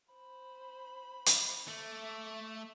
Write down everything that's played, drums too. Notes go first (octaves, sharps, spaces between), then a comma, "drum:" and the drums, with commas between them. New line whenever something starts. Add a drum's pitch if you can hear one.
C5 B5
drum: hi-hat
A3 E5 D6